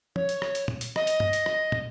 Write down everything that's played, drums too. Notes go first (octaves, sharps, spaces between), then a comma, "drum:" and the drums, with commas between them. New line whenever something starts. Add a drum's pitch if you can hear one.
C#5, drum: tom
drum: hi-hat
drum: rim click
drum: hi-hat
drum: tom
drum: hi-hat
D#5, drum: rim click
drum: hi-hat
drum: tom
drum: hi-hat
drum: rim click
drum: tom